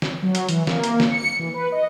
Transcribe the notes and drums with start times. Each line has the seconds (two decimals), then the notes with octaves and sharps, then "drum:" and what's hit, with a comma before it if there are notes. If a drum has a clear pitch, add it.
0.02 drum: snare
0.23 F#3
0.35 drum: hi-hat
0.49 E3, drum: hi-hat
0.67 A#3, drum: snare
0.84 drum: hi-hat
1.00 drum: snare
1.10 C#7
1.39 E3
1.54 B4
1.72 D#5